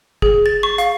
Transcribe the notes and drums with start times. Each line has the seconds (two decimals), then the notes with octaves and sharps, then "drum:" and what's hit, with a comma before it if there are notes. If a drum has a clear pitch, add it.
0.22 G#4, drum: kick
0.46 A6
0.63 C#6
0.78 F5, drum: hi-hat